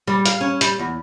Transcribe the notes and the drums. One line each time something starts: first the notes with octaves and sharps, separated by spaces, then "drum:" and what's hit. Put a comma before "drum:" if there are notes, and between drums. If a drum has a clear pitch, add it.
G3
F5, drum: hi-hat
C#4
G3, drum: hi-hat
E2